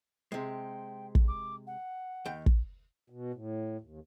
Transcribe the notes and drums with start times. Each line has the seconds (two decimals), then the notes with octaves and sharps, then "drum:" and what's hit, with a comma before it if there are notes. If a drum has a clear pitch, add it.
0.32 C3 G#3 G5
1.15 drum: kick
1.28 D6
1.67 F#5
2.25 D#2 G5
2.46 drum: kick
3.10 B2
3.34 A2
3.81 D#2